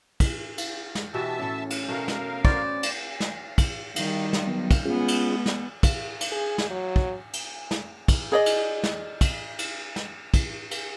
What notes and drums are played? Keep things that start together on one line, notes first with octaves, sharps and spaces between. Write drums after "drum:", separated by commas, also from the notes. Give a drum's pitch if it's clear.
drum: kick, cymbal
drum: cymbal
drum: snare
B2 E3 F#4 G4 E5 A5 E6
A2 C#4 A4
drum: cymbal
B2 A3 A#4 F5
drum: snare
B3 F#4 C5 D5, drum: kick
drum: cymbal
drum: snare
drum: kick, cymbal
D#3 G3, drum: cymbal
drum: snare
F#3 B3
drum: kick, cymbal
G#3 B3 C#4 F4 G#4
drum: cymbal
drum: snare
drum: kick, cymbal
drum: cymbal
G#4
drum: snare
F#3
drum: kick
drum: cymbal
drum: snare
drum: kick, cymbal
G#4 D5 D#5
drum: cymbal
drum: snare
drum: kick, cymbal
drum: cymbal
drum: snare
drum: kick, cymbal
drum: cymbal